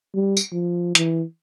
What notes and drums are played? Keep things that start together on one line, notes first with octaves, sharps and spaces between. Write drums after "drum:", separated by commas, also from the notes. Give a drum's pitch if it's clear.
G3
drum: tambourine
F3
E3, drum: hi-hat